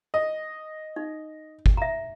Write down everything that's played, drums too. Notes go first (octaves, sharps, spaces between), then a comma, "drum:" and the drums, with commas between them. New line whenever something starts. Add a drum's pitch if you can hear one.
D#5
D#4
drum: kick G1
E5 A#5